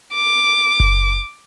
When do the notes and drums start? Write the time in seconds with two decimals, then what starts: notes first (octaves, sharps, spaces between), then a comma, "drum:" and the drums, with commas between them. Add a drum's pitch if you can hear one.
0.15 D6
0.80 drum: kick F#1